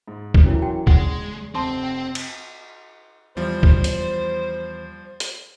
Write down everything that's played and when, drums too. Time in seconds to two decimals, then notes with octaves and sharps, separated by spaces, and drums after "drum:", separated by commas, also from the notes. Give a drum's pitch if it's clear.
0.08 G#2
0.34 drum: kick
0.45 E3 F#3 C#4 E4 A#4
0.62 F#4 G5
0.87 E2 C#3 G#3 F#5, drum: kick
1.55 F1 C4 A5 C6 D6
1.83 G5
2.15 drum: cymbal
3.37 E2 F3 G3 C5
3.63 drum: kick
3.84 drum: hi-hat
5.20 drum: hi-hat